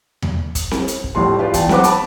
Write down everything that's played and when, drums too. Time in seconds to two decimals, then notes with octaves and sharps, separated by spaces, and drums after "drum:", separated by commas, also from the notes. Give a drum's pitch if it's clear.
0.22 drum: tom E2
0.55 drum: kick, hi-hat
0.71 drum: snare C4
0.88 drum: hi-hat
1.04 drum: kick
1.15 C2 F2 A2 G3 C6
1.39 F4 G4 B4 D5 F5
1.54 E2 G5 A5, drum: kick, hi-hat
1.69 B1 F#3 F#4 B4 C5 D6, drum: snare C4
1.84 A5 B5 D6, drum: hi-hat